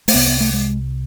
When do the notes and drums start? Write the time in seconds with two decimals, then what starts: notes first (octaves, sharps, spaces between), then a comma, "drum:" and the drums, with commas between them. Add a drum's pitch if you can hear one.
0.08 A3, drum: open hi-hat
0.14 C2 C3 B3
0.27 B3
0.40 A3
0.53 G#3